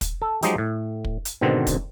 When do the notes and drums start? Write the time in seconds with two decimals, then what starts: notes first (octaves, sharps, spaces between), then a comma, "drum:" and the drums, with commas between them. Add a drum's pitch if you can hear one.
0.01 drum: kick, hi-hat
0.22 A4
0.42 F3 F#3 G#3 D#4 G4, drum: hi-hat
0.58 A2
1.05 drum: kick
1.25 drum: hi-hat
1.41 G#2 B2 D3 D#3 C4
1.67 drum: kick, hi-hat